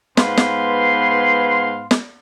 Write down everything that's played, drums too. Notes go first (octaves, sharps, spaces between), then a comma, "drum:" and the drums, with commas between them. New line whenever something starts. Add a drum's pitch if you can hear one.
G#2 B3 B4 F5 C6, drum: snare
drum: snare
drum: snare